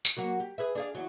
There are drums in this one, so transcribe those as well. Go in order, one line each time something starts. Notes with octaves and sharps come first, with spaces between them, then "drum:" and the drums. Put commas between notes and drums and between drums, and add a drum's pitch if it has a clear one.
drum: tambourine
F#3 A#3 F#4
G4
G#4 B4 E5
D4 G#4 F5
E2 F#3